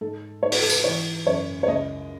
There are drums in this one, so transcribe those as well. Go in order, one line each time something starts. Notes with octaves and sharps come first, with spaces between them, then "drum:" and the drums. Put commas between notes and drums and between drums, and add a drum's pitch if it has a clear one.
G#2 A4
G#2 C#5
B4, drum: open hi-hat
A4
B4, drum: tambourine
E3 C#5
F#2 C#5
C#5
C#2 D#5